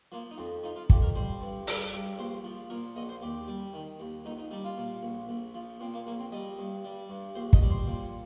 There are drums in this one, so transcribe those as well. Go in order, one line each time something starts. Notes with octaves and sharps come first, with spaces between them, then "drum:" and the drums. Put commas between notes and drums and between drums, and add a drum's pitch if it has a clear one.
F3 A#3
D#4
F2 C4
F3 D#4
F4
F2 G4, drum: kick
A#4
G3 C5
G2
G3, drum: open hi-hat
G2
A#1 C5
F3
A#2 A#4
A#1 D#5
C5
D#2 G4
G3
D#3
D#2
A#1 D#4
D#4
G3 D#4
F4
A#2
A#1
A#1
F3
A#2 C4
A#3
A#1 A#3
C4
G3 D#5
G2
G3
G2
A#1 C5
D#5, drum: kick
G3
C5
A#2